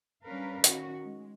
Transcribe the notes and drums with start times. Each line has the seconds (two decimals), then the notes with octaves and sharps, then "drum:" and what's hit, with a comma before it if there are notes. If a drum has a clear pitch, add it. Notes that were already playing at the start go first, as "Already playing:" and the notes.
0.25 G3 C#4 D4 A#4 B4 F5
0.64 D#3 C#4 F#4, drum: hi-hat
1.05 G#3